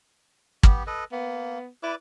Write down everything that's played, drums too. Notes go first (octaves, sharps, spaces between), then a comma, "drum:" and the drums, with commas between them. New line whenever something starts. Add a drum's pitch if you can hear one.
B3 G4, drum: kick
A4 B4 D#5
A#3 B3
E4 B4 D5 D6